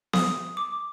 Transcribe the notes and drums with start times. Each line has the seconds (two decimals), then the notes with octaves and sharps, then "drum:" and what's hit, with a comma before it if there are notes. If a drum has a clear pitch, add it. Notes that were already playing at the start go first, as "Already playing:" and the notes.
0.13 D#6, drum: snare B3
0.57 D6